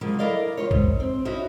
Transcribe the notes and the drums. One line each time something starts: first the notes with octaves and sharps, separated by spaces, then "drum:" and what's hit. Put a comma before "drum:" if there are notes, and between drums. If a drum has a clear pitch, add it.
C#3 F3 F#3 G#3 A#3
E4 A4 A#4 D5 D#5 F5
E2 F4 C#5
G#2, drum: kick
C4
C#4 D#4 E4 F#4